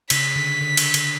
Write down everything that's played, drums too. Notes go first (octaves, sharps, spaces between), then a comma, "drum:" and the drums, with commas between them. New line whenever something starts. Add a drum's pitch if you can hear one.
C#3 B6, drum: cymbal
D3
D3
drum: cymbal
D3, drum: cymbal